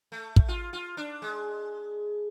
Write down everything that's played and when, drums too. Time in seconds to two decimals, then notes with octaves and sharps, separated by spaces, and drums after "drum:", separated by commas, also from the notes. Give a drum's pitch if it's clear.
0.12 A3
0.36 drum: kick
0.48 F4
0.73 F4
0.97 D4
1.22 G#3